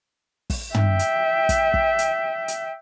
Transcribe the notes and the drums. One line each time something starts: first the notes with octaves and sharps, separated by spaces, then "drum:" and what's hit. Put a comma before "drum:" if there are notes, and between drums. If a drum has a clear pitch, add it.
drum: kick, open hi-hat
E5 G5, drum: tom
drum: hi-hat
drum: kick, hi-hat
drum: kick
drum: hi-hat
drum: hi-hat